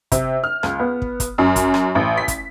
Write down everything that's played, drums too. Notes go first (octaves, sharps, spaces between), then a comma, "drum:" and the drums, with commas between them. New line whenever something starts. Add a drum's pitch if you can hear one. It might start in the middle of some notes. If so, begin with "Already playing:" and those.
C3, drum: kick, hi-hat
F6
C#2, drum: rim click
B3
drum: kick
drum: kick, hi-hat
F#2
drum: kick, hi-hat
drum: rim click
A1
B6
drum: kick, hi-hat